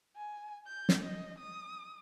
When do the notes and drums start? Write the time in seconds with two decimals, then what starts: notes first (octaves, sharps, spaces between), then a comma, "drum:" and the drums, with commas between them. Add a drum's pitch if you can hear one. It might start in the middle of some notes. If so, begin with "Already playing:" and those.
0.16 G#5
0.67 G6
0.89 drum: snare
1.04 D#5
1.38 D#6